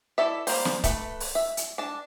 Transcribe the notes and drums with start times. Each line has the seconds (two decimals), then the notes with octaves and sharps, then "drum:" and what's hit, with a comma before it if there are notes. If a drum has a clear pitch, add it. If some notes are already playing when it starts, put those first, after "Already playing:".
0.18 E4 A4 D5 E5
0.47 G3 A#3 C5, drum: open hi-hat
0.65 drum: snare
0.84 A3 B4, drum: kick C#1, hi-hat
1.20 drum: open hi-hat
1.35 E5
1.57 drum: hi-hat
1.78 D4 A5